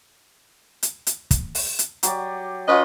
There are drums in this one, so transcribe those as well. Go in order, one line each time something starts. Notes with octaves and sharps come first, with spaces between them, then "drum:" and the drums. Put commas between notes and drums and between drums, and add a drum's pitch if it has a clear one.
drum: hi-hat
drum: hi-hat
drum: kick, hi-hat
drum: open hi-hat
drum: hi-hat
F#3 G4 D5, drum: hi-hat
C#4 F4 B4 C#5 D#5